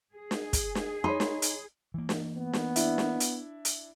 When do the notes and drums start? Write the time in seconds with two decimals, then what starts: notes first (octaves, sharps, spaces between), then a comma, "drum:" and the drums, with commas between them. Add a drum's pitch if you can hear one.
0.15 G#4
0.31 drum: snare
0.53 drum: kick, hi-hat
0.75 drum: snare
1.04 D#4 C#5 B5 C6
1.20 drum: snare
1.42 drum: hi-hat
1.94 E3 A#3
2.09 drum: snare
2.37 B3
2.53 drum: snare
2.76 D4 E4, drum: hi-hat
2.98 drum: snare
3.20 drum: hi-hat
3.65 drum: hi-hat